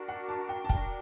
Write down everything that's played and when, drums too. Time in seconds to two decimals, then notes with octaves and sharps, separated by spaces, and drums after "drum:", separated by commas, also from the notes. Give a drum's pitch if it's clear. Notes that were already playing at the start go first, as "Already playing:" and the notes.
Already playing: D4 F#4 A#4
0.08 F#5
0.29 A5
0.49 G5
0.65 A5
0.69 D4 F#4 A#4 G5, drum: kick